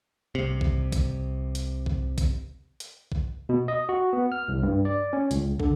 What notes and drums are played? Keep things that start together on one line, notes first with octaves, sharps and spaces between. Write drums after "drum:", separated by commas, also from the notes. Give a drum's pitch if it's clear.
C2 C3
drum: kick
drum: kick, hi-hat
drum: hi-hat
drum: kick
drum: kick, hi-hat
drum: hi-hat
drum: kick
B2
D#5
F#4
B3
F6
C2
G2
D5
C#4
C#2, drum: hi-hat
D3, drum: kick